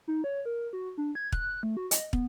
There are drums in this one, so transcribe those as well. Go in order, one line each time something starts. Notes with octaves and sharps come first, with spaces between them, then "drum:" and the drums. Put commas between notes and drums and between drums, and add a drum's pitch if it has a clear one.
D#4
C#5
A#4
F#4
D4
G#6
F#6, drum: kick
A3
F#4
D#5, drum: hi-hat
B3, drum: kick